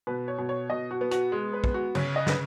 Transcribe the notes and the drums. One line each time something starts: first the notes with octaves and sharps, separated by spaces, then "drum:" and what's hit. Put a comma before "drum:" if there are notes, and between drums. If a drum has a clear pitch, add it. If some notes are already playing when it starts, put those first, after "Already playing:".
B2 B4
C#5
B2
C#5
B2 D#5
F#4
B3
F#4, drum: hi-hat
G#3
B4
B3, drum: kick
F#4
C#3 C#5, drum: cymbal
D#5
C#3 B4, drum: snare